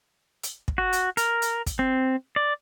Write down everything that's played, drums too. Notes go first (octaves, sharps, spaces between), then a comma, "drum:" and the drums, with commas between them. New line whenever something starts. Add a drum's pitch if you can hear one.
drum: hi-hat
drum: kick
F#4
drum: hi-hat
A#4, drum: hi-hat
drum: hi-hat
drum: kick, hi-hat
C4
D5